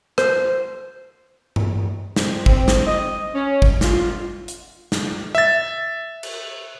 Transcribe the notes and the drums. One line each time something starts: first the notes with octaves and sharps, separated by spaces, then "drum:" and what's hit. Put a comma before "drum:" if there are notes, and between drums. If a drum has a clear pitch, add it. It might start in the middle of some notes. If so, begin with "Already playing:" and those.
C5, drum: rim click
drum: tom G2
C4, drum: snare
C4, drum: kick G#1
drum: snare
D#5
C#4
drum: kick G#1
F4, drum: snare
drum: hi-hat
drum: snare
E5 A6
drum: cymbal